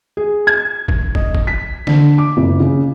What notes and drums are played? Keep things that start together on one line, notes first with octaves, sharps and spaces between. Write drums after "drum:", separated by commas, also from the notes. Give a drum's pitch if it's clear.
G#4
G#6
drum: kick
D#5, drum: kick
drum: kick
B6
D3, drum: snare
D6
F#1
C#3